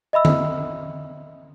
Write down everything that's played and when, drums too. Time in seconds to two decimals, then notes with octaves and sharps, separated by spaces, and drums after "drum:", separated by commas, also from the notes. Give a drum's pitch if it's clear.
0.13 D#5 E5 B5 E6
0.25 drum: tom D3